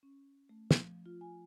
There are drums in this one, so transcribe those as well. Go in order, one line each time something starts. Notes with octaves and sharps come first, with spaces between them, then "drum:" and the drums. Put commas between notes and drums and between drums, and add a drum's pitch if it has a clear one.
C#4
A3
F3, drum: snare
F4
G#5